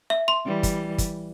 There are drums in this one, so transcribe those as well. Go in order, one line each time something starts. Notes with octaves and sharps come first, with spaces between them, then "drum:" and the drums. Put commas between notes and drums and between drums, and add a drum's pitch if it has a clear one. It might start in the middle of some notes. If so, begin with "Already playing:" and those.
E5
C6
E3 G3
drum: kick, hi-hat
drum: kick, hi-hat